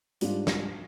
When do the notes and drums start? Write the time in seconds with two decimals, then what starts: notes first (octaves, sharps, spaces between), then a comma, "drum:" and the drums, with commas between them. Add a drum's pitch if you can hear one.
0.21 G#2 G3 D4 F4, drum: hi-hat
0.47 drum: snare